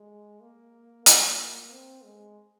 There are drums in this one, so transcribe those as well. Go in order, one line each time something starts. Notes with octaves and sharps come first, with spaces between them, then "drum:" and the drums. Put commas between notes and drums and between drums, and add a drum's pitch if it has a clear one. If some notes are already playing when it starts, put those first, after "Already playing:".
Already playing: G#3
A#3
A#3, drum: hi-hat
C4
G#3